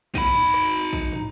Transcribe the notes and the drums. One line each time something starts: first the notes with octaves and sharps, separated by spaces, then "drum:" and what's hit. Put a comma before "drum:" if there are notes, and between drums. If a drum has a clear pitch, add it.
D#4 B5, drum: kick A#1, hi-hat
drum: tom E2
drum: rim click
drum: kick A#1, hi-hat
drum: tom